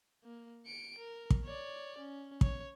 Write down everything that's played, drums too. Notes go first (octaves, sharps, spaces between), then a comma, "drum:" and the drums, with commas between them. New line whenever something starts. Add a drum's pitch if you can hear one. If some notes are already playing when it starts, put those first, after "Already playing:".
A#3
C#7 D7
A#4
drum: kick
C#5 D5
C#4
C#5, drum: kick